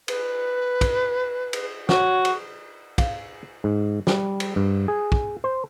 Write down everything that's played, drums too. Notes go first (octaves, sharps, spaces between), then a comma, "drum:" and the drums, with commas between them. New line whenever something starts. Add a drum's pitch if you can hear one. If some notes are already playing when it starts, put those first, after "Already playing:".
B4, drum: cymbal
drum: kick, cymbal
drum: cymbal
F#4 C#5, drum: snare
drum: cymbal
F5, drum: kick, cymbal
G#2
G3, drum: snare
drum: cymbal
G2
G#4
drum: kick
C5